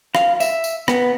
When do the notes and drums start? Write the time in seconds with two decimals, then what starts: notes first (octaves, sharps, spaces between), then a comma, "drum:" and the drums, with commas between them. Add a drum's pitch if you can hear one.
0.15 F5, drum: rim click
0.40 E5, drum: tambourine
0.64 drum: tambourine
0.88 B3, drum: rim click